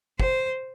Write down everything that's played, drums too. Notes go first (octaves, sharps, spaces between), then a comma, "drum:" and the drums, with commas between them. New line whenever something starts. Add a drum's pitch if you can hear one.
C5, drum: kick